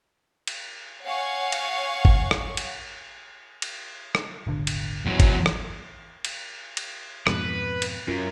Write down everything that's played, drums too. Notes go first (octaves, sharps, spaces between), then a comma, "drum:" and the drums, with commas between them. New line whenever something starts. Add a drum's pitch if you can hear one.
drum: cymbal
C#5 F5 F#5 G#5 C#6
drum: cymbal
drum: kick G1
drum: rim click
drum: cymbal
drum: cymbal
drum: rim click
D#1 G#1 D3
drum: cymbal
E2 F#3
drum: kick G1, cymbal
drum: rim click
drum: cymbal
drum: cymbal
F2 G#2 B2 B4, drum: rim click
drum: cymbal
F#2 C#4 F4 A#4